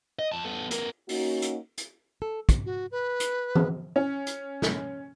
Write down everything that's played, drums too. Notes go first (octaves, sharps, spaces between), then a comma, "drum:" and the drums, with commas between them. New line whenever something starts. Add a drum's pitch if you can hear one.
D#5
F2 A5
B3 A4
B3 A#4, drum: hi-hat
A#3 C#4 D#4 F#4, drum: open hi-hat
drum: hi-hat
drum: hi-hat
A4
drum: kick, hi-hat
F#4
B4
drum: hi-hat
drum: tom E3
C#4
drum: hi-hat
drum: snare